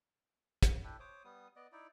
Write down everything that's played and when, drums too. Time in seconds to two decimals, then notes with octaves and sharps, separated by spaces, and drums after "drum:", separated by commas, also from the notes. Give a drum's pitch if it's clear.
0.63 drum: kick, hi-hat
0.84 D4 E4 G4 A4
1.00 C5 C#5 D6 D#6
1.24 G3 B3 D#6
1.56 B3 D5 D#5
1.72 D#4 E4 D5